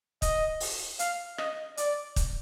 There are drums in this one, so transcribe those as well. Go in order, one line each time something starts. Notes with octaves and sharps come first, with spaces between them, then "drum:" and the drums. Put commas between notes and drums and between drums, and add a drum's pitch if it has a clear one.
D#5, drum: kick, hi-hat
drum: open hi-hat
F5, drum: hi-hat
D#5, drum: rim click
D5, drum: hi-hat
drum: kick, hi-hat